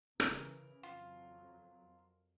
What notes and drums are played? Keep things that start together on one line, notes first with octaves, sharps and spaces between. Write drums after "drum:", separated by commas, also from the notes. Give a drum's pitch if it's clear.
C#3 E3 A#4, drum: rim click
F2 F#3 F4